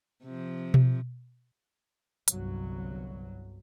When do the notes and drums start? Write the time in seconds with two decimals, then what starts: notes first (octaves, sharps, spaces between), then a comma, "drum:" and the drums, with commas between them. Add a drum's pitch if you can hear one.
0.23 C3 F3
0.74 drum: tom B2
2.28 G1 C2 G2 F#3, drum: hi-hat